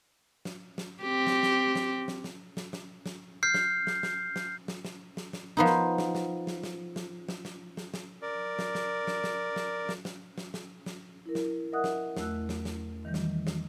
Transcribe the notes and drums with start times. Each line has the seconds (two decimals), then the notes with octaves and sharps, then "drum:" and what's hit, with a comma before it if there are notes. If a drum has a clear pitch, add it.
0.45 drum: snare
0.78 drum: snare
1.02 C4 G4
1.27 drum: snare
1.43 drum: snare
1.75 drum: snare
2.08 drum: snare
2.24 drum: snare
2.57 drum: snare
2.73 drum: snare
3.06 drum: snare
3.43 F6 G6 C7
3.54 drum: snare
3.87 drum: snare
4.03 drum: snare
4.36 drum: snare
4.68 drum: snare
4.85 drum: snare
5.17 drum: snare
5.33 drum: snare
5.57 F3 B3 D#4
5.66 drum: snare
5.98 drum: snare
6.15 drum: snare
6.47 drum: snare
6.63 drum: snare
6.96 drum: snare
7.29 drum: snare
7.45 drum: snare
7.77 drum: snare
7.94 drum: snare
8.22 A#4 D5
8.59 drum: snare
8.75 drum: snare
9.07 drum: snare
9.24 drum: snare
9.56 drum: snare
9.89 drum: snare
10.05 drum: snare
10.38 drum: snare
10.54 drum: snare
10.86 drum: snare
11.26 E4 A#4
11.35 drum: snare
11.72 A#4 D#5 E5 F#5 D#6 F#6
11.84 drum: snare
12.16 E2 A3 E6 F#6, drum: snare
12.49 drum: snare
12.65 drum: snare
13.05 D#3 E3 G3 G6
13.14 drum: snare
13.47 drum: snare